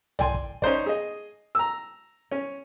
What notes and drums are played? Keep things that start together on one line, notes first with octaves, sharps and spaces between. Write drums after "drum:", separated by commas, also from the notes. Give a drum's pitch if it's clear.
D5 G5 G#5 C6, drum: tom
drum: kick
C#4 D#4 C5 D5, drum: kick
G#4 D#5
A#5 E6, drum: hi-hat
C#4